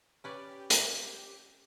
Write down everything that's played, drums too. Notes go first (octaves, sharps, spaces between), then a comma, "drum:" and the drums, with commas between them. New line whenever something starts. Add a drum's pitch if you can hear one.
C#4 G4 B4 D5
drum: hi-hat